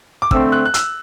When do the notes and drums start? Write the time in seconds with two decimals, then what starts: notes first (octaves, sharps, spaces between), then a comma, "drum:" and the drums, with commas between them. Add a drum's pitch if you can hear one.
0.22 D6
0.31 D3 A3 C4 E6, drum: kick
0.52 F#6
0.65 F#6
0.74 E6, drum: hi-hat